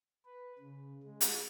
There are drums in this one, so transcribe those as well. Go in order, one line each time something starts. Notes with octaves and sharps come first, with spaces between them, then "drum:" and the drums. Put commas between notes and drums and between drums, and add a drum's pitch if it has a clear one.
B4
C#3
G#3
drum: hi-hat